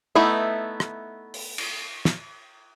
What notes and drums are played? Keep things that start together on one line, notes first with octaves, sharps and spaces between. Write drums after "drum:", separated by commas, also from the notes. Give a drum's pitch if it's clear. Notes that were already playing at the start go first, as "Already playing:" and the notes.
A3 B3 D#4 E4
drum: rim click
drum: open hi-hat
drum: cymbal
drum: snare